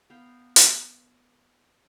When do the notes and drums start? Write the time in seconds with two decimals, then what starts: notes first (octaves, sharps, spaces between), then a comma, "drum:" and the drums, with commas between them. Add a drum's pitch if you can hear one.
0.10 B3 A#4 F5 G5
0.56 drum: hi-hat